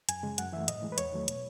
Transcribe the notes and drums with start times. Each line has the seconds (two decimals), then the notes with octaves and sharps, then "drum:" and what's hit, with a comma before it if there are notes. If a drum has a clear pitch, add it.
0.09 F#2 G#5, drum: hi-hat
0.23 C#3 G#3
0.38 F#2 F#5, drum: hi-hat
0.52 E3 A3 E5
0.68 A2 D#5, drum: hi-hat
0.82 E3 G#3
0.92 B4
0.98 E2 C#5, drum: hi-hat
1.12 D#3 F#3 A3
1.28 B2, drum: hi-hat